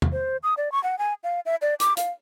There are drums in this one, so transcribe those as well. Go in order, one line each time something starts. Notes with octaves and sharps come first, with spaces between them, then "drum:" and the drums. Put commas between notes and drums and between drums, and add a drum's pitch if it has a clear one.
drum: tom
C5
D#6
D5
C#6
F#5
G#5
F5
E5
D5
D6, drum: hi-hat
F5, drum: hi-hat